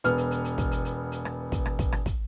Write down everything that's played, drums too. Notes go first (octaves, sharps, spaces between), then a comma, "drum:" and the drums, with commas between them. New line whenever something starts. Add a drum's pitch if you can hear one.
E1 B3 F6, drum: hi-hat
drum: hi-hat
drum: hi-hat
drum: hi-hat
drum: kick, hi-hat
drum: hi-hat
drum: hi-hat
drum: hi-hat
drum: rim click
drum: kick, hi-hat
drum: rim click
drum: kick, hi-hat
drum: rim click
drum: kick, hi-hat